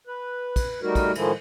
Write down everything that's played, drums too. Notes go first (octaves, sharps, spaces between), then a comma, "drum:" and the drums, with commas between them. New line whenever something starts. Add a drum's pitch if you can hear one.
B4
drum: kick, cymbal
G3 A3 D#4 F#4 A#4
drum: kick, cymbal
A2 D#3 F3 G#3 E4, drum: cymbal